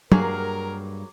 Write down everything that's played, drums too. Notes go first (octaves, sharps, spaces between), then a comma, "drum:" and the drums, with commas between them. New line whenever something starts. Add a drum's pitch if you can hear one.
G2 F#3 A#3 G#4 A#4, drum: tom